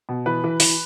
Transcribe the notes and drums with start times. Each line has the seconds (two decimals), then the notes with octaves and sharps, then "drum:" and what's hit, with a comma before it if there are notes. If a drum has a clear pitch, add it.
0.09 B2
0.26 E3 B4
0.44 E3
0.60 E3, drum: open hi-hat